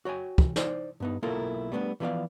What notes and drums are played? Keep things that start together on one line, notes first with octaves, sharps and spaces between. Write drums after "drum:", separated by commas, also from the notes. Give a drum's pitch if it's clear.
F#4 C#5 G5 G#5
drum: kick
D#4 C5 D5, drum: snare
G2 B3 D#4
B1 A#3 E4 F4 A4 A#4
G3 A3 B3 C4 D4
E3 F3 B3 G#4 D5 F5